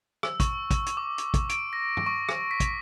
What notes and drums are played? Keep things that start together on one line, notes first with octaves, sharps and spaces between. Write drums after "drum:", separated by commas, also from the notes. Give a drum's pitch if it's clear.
E6, drum: rim click
C#6, drum: kick, hi-hat
drum: kick, hi-hat
drum: hi-hat
D6
drum: hi-hat
drum: kick, hi-hat
D7, drum: hi-hat
A#6
drum: tom G2
C#6
drum: rim click
B6
drum: kick, hi-hat